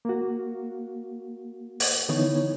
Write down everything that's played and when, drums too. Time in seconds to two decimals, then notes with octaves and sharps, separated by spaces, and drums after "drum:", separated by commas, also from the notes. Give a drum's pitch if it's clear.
0.05 A#3 F#4
1.80 drum: open hi-hat
2.09 D3 E3 B3 D#4 E4 C#5